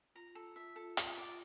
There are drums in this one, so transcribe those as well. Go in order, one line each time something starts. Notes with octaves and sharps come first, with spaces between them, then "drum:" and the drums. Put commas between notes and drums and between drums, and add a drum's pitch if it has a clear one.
F4 A#5
A4
E5
F4 A4
A5, drum: hi-hat
D5